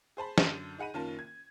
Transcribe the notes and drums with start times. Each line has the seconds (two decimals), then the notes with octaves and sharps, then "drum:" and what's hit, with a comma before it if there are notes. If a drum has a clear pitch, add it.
0.17 G#4 C5 A5 B5
0.38 F#2 D3 A5 G6 D#7, drum: snare
0.78 D#4 G#4 F#5 B5 D#7
0.94 F#1 D#3 C#4 F4 A#4 A5
1.19 G#6